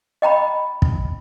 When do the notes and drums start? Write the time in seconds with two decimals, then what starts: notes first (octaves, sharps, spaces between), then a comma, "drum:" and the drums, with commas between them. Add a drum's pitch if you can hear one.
0.22 D#5 G5 A#5 B5
0.82 drum: kick